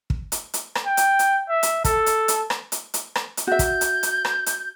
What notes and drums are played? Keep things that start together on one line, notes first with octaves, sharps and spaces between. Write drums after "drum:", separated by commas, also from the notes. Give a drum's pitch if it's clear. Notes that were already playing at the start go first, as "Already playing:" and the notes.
drum: kick
drum: hi-hat
drum: hi-hat
drum: rim click
G5
drum: hi-hat
drum: hi-hat
E5
drum: hi-hat
A4, drum: kick, hi-hat
drum: hi-hat
drum: hi-hat
drum: rim click
drum: hi-hat
drum: hi-hat
drum: rim click
drum: hi-hat
F#4 E5 G6
drum: kick, hi-hat
drum: hi-hat
drum: hi-hat
drum: rim click
drum: hi-hat